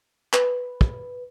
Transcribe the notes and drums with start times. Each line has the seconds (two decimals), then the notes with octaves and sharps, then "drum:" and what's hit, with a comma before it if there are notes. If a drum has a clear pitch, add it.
0.33 B4, drum: clap
0.81 drum: kick